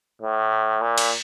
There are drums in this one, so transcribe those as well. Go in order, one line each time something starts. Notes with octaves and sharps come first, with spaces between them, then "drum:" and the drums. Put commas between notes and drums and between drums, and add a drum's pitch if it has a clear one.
A2
A#2
drum: cymbal